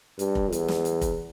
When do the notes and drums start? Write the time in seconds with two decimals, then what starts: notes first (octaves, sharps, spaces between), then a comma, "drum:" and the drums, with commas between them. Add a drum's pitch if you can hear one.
0.19 G2, drum: hi-hat
0.35 drum: kick F1
0.52 E2, drum: hi-hat
0.68 drum: snare
0.85 drum: hi-hat
1.01 drum: kick F1, hi-hat